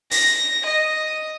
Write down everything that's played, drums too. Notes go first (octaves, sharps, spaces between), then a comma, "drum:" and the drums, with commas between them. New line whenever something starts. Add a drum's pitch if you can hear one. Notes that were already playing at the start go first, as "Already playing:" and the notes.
A#6, drum: open hi-hat
D#5